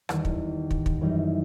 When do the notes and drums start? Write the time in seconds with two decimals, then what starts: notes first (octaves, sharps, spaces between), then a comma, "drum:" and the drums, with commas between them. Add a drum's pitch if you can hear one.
0.09 E2 D#3 G3, drum: rim click
0.25 drum: kick
0.71 drum: kick
0.86 drum: kick
1.01 F#2 E3 G3 D#4